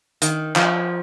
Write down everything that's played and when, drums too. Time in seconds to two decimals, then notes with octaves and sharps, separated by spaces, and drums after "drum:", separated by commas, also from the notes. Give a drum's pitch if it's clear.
0.22 D#3, drum: hi-hat
0.56 F3, drum: clap